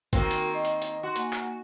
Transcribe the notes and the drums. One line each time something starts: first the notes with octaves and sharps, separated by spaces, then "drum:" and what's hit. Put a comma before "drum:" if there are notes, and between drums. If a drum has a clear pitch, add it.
D#3 A#3 C4 F#4 A#4, drum: kick A1, hi-hat
drum: hi-hat
D#5
drum: hi-hat
drum: hi-hat
F#4 C6
A#3 F#5 G#5, drum: hi-hat
drum: clap